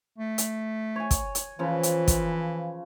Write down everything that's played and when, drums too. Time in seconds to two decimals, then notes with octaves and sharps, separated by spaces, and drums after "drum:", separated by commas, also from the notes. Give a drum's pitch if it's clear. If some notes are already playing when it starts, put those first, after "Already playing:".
0.18 A3
0.38 drum: hi-hat
0.96 C#5 G#5
1.11 drum: kick, hi-hat
1.35 drum: hi-hat
1.59 C#3 E3 F3
1.83 drum: hi-hat
2.08 drum: kick, hi-hat